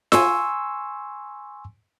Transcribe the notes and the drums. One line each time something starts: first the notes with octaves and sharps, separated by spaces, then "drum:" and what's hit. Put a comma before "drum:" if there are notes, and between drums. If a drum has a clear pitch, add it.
G#5 C6 C#6 E6, drum: snare F4